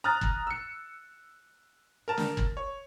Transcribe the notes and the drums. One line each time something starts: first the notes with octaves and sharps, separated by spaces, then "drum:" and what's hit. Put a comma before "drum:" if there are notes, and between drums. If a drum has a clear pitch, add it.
A#5 D#6 F6 F#6 A6
drum: kick
E6 C#7
A#4 A5
drum: snare
drum: kick
C#5